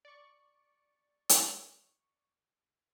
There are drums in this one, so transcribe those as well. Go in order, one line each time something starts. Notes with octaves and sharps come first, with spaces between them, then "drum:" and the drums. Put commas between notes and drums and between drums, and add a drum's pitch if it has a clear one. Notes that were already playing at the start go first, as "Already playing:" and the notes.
D5 C#6
drum: hi-hat